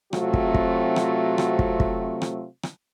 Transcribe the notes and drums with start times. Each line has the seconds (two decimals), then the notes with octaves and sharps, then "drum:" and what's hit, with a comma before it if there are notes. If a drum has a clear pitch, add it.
0.13 C3 F#3 A3 C4 F4 F#4, drum: rim click
0.34 drum: kick
0.54 drum: kick
0.96 drum: rim click
1.38 drum: rim click
1.59 drum: kick
1.80 drum: kick
2.22 drum: rim click
2.63 drum: rim click